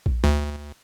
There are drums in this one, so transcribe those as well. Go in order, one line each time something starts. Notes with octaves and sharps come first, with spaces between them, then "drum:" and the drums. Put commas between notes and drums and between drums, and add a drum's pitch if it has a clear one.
drum: kick A#1
D2, drum: tom